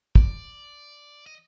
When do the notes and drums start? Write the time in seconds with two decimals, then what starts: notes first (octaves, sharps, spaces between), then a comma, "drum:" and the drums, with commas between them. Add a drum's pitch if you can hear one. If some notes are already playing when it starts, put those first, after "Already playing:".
0.15 D5, drum: kick
1.26 D#5